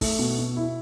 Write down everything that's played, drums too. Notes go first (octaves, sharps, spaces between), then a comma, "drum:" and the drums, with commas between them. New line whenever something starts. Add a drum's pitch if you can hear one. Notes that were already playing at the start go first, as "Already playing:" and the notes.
A3, drum: kick, open hi-hat
B2
B2
E4